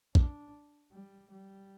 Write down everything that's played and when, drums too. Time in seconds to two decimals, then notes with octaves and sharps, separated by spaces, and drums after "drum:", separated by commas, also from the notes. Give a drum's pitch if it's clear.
0.15 D4, drum: kick
0.92 G3
1.31 G3